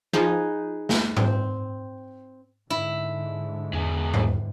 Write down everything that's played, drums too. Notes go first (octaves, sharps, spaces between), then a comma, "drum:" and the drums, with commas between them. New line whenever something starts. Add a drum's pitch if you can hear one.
F3 D#4 G#4 B4
drum: snare
C4, drum: tom G#2
G#2 D3 E4
E2 G#3 B3
drum: tom G#2